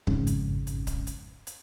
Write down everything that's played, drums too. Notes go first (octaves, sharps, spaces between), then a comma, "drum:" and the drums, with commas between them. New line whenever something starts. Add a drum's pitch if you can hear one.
G#1 F2 G#2 C#3, drum: kick C#1
drum: hi-hat
drum: hi-hat
drum: kick C#1, hi-hat
drum: hi-hat
drum: hi-hat